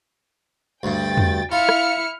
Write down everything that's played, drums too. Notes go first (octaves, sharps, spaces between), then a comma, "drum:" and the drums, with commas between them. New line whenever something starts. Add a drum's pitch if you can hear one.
D2 G2 G5 A6
drum: tom E2
E4 F4 F6 C#7
drum: rim click